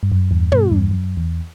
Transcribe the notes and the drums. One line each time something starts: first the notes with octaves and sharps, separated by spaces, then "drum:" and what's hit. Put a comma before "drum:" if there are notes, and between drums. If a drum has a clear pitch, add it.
G2
F#2
E2 G2
G2 B2, drum: tom
E2 G2
F#2
E2